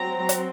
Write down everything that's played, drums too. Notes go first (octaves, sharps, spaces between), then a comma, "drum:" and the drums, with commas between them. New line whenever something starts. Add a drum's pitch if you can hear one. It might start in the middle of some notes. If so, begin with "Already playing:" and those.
Already playing: F#3 C4 A#5
drum: hi-hat